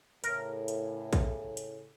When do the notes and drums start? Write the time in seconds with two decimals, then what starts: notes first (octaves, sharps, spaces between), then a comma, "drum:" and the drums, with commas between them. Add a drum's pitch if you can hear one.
0.24 A2 C#3 A#4, drum: hi-hat
0.68 drum: hi-hat
1.13 drum: kick, hi-hat
1.57 drum: hi-hat